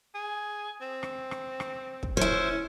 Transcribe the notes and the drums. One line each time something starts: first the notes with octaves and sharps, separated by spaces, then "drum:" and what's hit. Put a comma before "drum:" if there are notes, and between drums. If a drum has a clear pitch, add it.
G#4
C4
drum: rim click
drum: rim click
drum: rim click
drum: kick
C#4 E4 C5